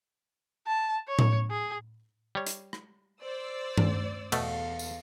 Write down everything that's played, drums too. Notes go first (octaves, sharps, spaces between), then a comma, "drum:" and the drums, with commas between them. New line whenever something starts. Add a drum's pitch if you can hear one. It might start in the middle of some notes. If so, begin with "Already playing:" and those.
A5
C#5
drum: tom A2
G#4
G3 C#5
drum: hi-hat
drum: rim click
C5 D5 E6
drum: tom
E2 B2 A3 A4 F5, drum: cymbal
drum: tambourine